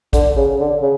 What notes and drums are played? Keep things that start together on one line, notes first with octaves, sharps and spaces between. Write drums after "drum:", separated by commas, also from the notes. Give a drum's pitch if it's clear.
D3, drum: kick, hi-hat
C#3
D3
C#3